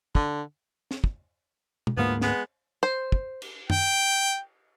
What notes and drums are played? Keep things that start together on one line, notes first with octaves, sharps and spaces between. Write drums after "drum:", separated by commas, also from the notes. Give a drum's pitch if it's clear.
D3, drum: kick
drum: snare
drum: kick
drum: tom
D2 G#2 F3 A#3 B3
G#3 B3, drum: snare
C5
drum: kick
drum: cymbal
G5, drum: tom F#2